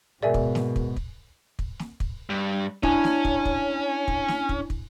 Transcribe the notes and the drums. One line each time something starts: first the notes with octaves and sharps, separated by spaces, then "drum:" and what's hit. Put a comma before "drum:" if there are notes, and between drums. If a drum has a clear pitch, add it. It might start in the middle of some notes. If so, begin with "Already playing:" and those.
G#2 B2 G#4 A#4 D5 E5 G#5
drum: kick
drum: snare
drum: kick
drum: kick
drum: kick
drum: snare
drum: kick
G2
C#4 D4 E4 G#5, drum: kick
drum: snare
drum: kick
drum: kick
drum: kick
drum: snare
drum: kick
drum: kick